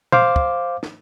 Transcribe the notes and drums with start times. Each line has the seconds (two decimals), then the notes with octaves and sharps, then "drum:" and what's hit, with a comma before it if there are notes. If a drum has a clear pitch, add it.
0.12 C5 F5 D6, drum: tom A#2
0.36 drum: kick
0.83 drum: snare